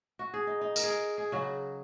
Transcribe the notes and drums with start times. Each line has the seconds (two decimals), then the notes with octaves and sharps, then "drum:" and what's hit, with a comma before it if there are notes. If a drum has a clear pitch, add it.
0.19 F#4
0.34 G#4
0.47 D#4
0.61 D#4
0.76 A#4, drum: tambourine
0.83 G#4
0.90 A#4
1.18 G#4
1.32 C#3 F#3 F#4